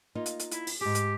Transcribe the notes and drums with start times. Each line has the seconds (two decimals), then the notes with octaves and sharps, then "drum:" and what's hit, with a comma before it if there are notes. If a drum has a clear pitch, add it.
0.15 A#3 D#4 F4
0.26 drum: hi-hat
0.39 drum: hi-hat
0.51 E4, drum: hi-hat
0.67 drum: open hi-hat
0.81 G#2 G4 G#4
0.95 drum: hi-hat